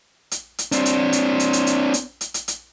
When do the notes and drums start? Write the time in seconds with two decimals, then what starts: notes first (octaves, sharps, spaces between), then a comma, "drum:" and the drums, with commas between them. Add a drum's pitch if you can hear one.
0.31 drum: hi-hat
0.58 drum: hi-hat
0.72 C4 D4, drum: hi-hat
0.86 drum: hi-hat
1.13 drum: hi-hat
1.40 drum: hi-hat
1.53 drum: hi-hat
1.67 drum: hi-hat
1.94 drum: hi-hat
2.21 drum: hi-hat
2.34 drum: hi-hat
2.48 drum: hi-hat